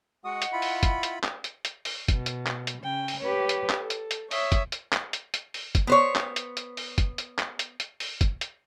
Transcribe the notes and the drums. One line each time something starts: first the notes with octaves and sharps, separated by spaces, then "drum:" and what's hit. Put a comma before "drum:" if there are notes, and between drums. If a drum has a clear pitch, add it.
G#3 F#4 D#5 F#5 C#6 D#6
drum: hi-hat
E4 F4 B5
drum: open hi-hat
drum: kick, hi-hat
drum: hi-hat
drum: clap
drum: hi-hat
drum: hi-hat
drum: open hi-hat
B2, drum: kick, hi-hat
drum: hi-hat
drum: clap
drum: hi-hat
C#3 G5
drum: open hi-hat
G4 B4 C#5
drum: hi-hat
drum: clap
A4
drum: hi-hat
drum: hi-hat
C#5 E5 D#6, drum: open hi-hat
drum: kick, hi-hat
drum: hi-hat
drum: clap
drum: hi-hat
drum: hi-hat
drum: open hi-hat
drum: kick, hi-hat
B3 C5 C#5
drum: clap
drum: hi-hat
drum: hi-hat
drum: open hi-hat
drum: kick, hi-hat
drum: hi-hat
drum: clap
drum: hi-hat
drum: hi-hat
drum: open hi-hat
drum: kick, hi-hat
drum: hi-hat